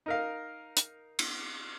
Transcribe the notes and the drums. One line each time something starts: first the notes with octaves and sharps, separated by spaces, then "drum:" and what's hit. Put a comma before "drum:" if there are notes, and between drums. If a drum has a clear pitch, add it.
D#4 A#4 F5
drum: hi-hat
drum: cymbal